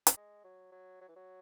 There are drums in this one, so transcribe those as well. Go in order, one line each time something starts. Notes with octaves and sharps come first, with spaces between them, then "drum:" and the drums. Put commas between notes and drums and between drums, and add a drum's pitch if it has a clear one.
drum: hi-hat
G#3
F#3
F#3
F#3
E3
F#3